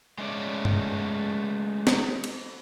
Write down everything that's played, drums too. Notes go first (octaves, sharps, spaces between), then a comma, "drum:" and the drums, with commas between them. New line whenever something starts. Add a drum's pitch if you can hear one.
G#3 A3 C#4 D5
drum: tom G2
drum: snare
drum: cymbal